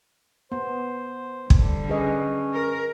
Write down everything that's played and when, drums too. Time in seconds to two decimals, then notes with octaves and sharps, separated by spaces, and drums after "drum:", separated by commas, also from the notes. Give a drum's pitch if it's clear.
0.52 B3 C5
1.50 D3 G3, drum: kick
1.89 C#4 G#4 B4 D#5
2.54 A#4